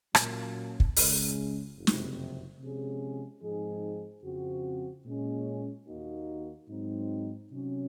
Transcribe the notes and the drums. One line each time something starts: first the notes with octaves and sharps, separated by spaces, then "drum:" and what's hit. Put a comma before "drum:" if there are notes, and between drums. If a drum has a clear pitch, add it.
A#2 F#3 A#3 C#4, drum: rim click
drum: kick
C#2 C#3 G#3 C#4, drum: open hi-hat
F#1 F2 C3
drum: snare
C3 F3 G#3 C#4 G#4
G#2 F3 C4 D#4 G#4
F2 C#3 F3 C4 F#4
A#2 G#3 C#4
D#2 D#3 A#3 D#4 F#4
G#2 F#3 C4 D#4
C3 F#3 C#4